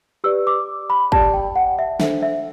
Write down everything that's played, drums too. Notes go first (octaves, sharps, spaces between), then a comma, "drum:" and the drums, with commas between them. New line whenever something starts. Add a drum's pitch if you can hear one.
G4 B4 D5 E6
D6
B5
G4 D5 A5, drum: kick
G5
F#5
E5
D4 A4 C5 E5, drum: snare
E5